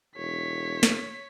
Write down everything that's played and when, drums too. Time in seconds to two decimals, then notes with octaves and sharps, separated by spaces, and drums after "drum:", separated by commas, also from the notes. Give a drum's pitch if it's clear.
0.17 E1 C#5 B6
0.83 drum: snare